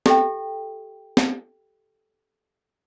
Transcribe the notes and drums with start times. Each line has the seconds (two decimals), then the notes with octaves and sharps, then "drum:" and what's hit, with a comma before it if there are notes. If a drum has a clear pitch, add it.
0.06 G4 A4 E5 G5, drum: snare C4
1.17 drum: snare C4